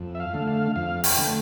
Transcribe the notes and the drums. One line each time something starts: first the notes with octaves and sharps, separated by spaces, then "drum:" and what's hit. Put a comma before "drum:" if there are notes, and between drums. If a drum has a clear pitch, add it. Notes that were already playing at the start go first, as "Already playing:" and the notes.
Already playing: F2
E5
F5
D3 A3
F5
F2 F5
G5, drum: open hi-hat
D3 A3